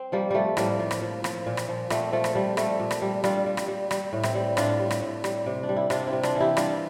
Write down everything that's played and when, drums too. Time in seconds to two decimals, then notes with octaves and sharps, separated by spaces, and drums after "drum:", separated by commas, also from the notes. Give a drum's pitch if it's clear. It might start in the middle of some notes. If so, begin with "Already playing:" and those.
Already playing: C4
0.12 F3 G3 A#3
0.31 F3 G3 A3
0.57 A2 G3 A#3, drum: rim click
0.79 F3
0.91 drum: rim click
1.02 F3
1.24 F3, drum: rim click
1.46 A#2
1.57 drum: rim click
1.69 F3
1.90 A#2 A3 C4, drum: rim click
2.12 F3 A3
2.24 drum: rim click
2.35 F3 G3
2.57 G3 A3, drum: rim click
2.80 A#2
2.91 drum: rim click
3.02 G3
3.24 G3 D4 F4, drum: rim click
3.46 G3
3.57 drum: rim click
3.68 G3
3.91 G3, drum: rim click
4.13 A2
4.23 C4 E4, drum: rim click
4.35 G3
4.57 A2 D4 F4, drum: rim click
4.80 G3
4.91 drum: rim click
5.02 A2
5.24 G3, drum: rim click
5.46 C3
5.63 D4
5.69 G3
5.76 E4
5.90 C3 D4 F4, drum: rim click
6.07 C4 E4
6.13 C3
6.23 D4 F4, drum: rim click
6.35 E3
6.40 E4 G4
6.57 G3 D4 F4, drum: rim click